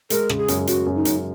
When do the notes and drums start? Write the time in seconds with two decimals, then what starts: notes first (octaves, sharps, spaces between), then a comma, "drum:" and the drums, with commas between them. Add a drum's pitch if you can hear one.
0.10 G#3 A#4, drum: hi-hat
0.29 C#3, drum: rim click
0.39 G#4
0.48 F#2, drum: hi-hat
0.67 F#2 F#4, drum: hi-hat
0.86 F#2
0.95 D#4
1.05 F#2, drum: hi-hat